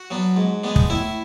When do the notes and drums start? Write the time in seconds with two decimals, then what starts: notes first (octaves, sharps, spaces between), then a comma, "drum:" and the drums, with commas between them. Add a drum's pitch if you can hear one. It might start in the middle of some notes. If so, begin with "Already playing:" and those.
Already playing: F#4 F#5
0.10 F#3 B3 D4
0.36 G#2
0.64 G#3 B3 D4
0.76 drum: kick
0.90 A2 E4 E5